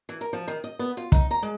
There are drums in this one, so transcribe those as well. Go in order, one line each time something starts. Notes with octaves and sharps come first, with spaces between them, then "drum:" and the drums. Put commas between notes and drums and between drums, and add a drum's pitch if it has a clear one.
E3
A#4
F3
D#3
D#5
B3
F4
D#4, drum: kick
A#5
G#3